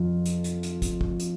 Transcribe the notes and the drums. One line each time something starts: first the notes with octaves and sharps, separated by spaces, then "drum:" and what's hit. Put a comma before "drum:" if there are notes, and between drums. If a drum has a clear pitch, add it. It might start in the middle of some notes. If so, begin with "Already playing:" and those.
Already playing: F2 F3 F4
drum: hi-hat
drum: hi-hat
drum: hi-hat
drum: kick, hi-hat
drum: kick
drum: hi-hat